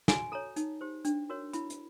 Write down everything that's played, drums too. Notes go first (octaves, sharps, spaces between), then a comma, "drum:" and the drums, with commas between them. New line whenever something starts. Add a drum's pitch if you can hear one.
F#4 G#5, drum: snare
A4 C#5 A#5
D#4, drum: hi-hat
G4 C5
D4, drum: hi-hat
F#4 A#4 C#5
E4 B5, drum: hi-hat
drum: hi-hat